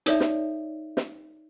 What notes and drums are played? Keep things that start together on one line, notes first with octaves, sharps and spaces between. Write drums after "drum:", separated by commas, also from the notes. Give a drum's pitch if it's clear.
D#4 A4 C#5 D5 E5, drum: hi-hat
drum: snare
drum: snare